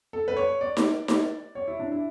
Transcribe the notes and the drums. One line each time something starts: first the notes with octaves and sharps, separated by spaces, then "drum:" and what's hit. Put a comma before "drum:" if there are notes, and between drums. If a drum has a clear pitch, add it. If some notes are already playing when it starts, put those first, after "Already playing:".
A4
B4
C#5
D5
drum: snare D#4
drum: snare D#4
C#5
E4
D4
E4